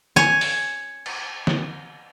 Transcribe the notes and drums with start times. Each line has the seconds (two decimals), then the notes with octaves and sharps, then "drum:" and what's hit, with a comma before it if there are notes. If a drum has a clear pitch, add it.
0.16 C#5 G#5, drum: snare
0.41 drum: open hi-hat
1.06 drum: cymbal
1.47 drum: snare